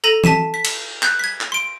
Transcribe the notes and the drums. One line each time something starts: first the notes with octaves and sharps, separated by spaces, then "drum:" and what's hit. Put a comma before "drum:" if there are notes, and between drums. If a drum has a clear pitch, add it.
A4 A#5 A#6 D#7
A5 B6 D#7 E7, drum: tom E3
B6
drum: cymbal
F#6 G6, drum: clap
G#6 B6
drum: clap
C6 D7